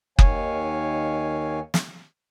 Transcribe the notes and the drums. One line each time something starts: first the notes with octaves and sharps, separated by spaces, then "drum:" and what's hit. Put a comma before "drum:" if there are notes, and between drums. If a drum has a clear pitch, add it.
D#2 D#3 C#5 F5 G#5, drum: kick F#1
drum: snare